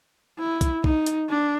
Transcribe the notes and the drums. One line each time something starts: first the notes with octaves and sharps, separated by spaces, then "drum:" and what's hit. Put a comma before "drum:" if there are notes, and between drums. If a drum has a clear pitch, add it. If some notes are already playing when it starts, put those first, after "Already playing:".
E4
drum: kick, hi-hat
D#4, drum: kick
drum: hi-hat
D4